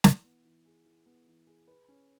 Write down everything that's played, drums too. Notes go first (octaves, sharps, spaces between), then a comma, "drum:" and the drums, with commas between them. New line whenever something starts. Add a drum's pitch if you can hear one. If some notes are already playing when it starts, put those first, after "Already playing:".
E3, drum: snare
B3
E3
G#4
E3
B3
E3
G#4
B4
C#4